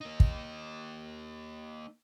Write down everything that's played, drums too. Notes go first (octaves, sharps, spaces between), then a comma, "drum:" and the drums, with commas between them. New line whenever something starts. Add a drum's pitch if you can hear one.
A#3 D#4
drum: kick